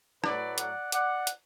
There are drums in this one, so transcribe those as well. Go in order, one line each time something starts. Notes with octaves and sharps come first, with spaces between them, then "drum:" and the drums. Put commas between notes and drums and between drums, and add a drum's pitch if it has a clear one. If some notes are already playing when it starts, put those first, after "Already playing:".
A2 F#3 A3 B4 D5, drum: rim click
D5 F#5, drum: hi-hat
D5 F#5, drum: hi-hat
drum: hi-hat